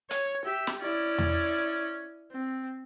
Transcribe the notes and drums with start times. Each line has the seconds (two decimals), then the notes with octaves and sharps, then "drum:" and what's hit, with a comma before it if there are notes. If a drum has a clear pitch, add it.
0.11 C#5, drum: hi-hat
0.45 G4 E5
0.67 drum: snare
0.81 C#4 E4 D5
1.18 drum: tom E2
2.32 C4